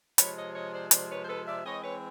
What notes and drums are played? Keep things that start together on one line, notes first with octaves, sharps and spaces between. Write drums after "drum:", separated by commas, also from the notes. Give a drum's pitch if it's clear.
C3 F3 G#3 B4 C#5, drum: hi-hat
C#5 D#5
C#5 D#5
C5 D5
C5 D5, drum: hi-hat
B4 C#5
C5
A4 B4
D5 E5
E3 G#3 C4 C#5 D#5
B4 C#5